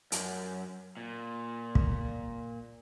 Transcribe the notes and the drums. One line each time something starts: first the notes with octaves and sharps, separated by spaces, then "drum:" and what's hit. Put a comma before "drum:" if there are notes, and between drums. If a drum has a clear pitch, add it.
F#2, drum: hi-hat
A#2
drum: kick